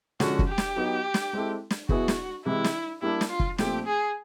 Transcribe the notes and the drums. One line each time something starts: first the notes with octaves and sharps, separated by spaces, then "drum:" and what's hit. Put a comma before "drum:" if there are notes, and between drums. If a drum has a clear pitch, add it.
D3 F3 G#3 C#4 F#4, drum: snare
drum: kick
G4
drum: snare
F#3 B3 D#4
drum: snare
G#3 C4 E4 A4
drum: snare
B2 F#3 B3 E4 F#4 G#4, drum: kick
drum: snare
C3 E3 G#3 E4
drum: snare
G3 A#3 D4 E4 G4
drum: snare
F4
drum: kick
A#2 F3 A3 C4 G4, drum: snare
G#4